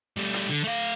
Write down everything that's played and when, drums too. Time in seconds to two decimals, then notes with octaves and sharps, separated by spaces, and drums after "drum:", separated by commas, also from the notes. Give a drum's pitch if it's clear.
0.17 G3 A3
0.34 drum: hi-hat
0.49 D3
0.64 A3 F5